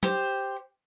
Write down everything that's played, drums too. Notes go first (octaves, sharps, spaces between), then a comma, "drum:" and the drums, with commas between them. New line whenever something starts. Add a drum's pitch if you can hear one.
G4 C5, drum: tom